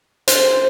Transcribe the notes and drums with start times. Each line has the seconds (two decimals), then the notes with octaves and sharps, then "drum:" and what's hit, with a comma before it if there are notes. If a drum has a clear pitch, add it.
0.28 C5, drum: hi-hat